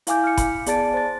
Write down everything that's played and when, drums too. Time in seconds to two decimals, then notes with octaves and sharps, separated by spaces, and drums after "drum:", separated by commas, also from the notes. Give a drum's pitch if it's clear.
0.07 E4 F5 G#5 D6 G6, drum: hi-hat
0.24 F6 C#7
0.37 B5, drum: kick F#1, hi-hat
0.66 B3 G#4 D5 A5 A6 D7, drum: hi-hat
0.94 C5 A6